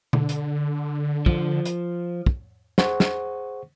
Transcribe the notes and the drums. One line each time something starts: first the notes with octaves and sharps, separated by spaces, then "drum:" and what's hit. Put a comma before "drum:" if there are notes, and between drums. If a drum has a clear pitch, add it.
D3, drum: tom B2
drum: hi-hat
F3, drum: kick
drum: hi-hat
drum: kick
G#4 C5 F#5 C#6, drum: snare
drum: snare